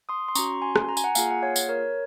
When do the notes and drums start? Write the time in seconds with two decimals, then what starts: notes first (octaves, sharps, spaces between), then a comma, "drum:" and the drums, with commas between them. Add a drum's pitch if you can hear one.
0.09 C6 D#6
0.28 C6
0.35 C#4 F#4 A#5 C#6, drum: tambourine
0.62 G#5 C6
0.76 drum: rim click
0.89 A#5
0.97 G#5, drum: tambourine
1.04 F#5 A#5
1.15 A#3 F4 G#4 F5 G#5, drum: tambourine
1.31 F#5
1.43 C#5 F5
1.56 drum: tambourine
1.69 A#4 C#5